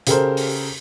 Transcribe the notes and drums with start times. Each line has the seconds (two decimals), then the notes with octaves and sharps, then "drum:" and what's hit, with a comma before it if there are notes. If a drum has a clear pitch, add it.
0.07 C#3 G4 A4 A#4 C5, drum: hi-hat
0.37 drum: open hi-hat